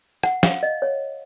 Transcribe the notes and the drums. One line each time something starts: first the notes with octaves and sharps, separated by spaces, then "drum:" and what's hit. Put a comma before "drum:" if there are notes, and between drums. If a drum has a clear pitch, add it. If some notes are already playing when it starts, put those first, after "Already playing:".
F#5, drum: rim click
F5, drum: snare
D#5
C#5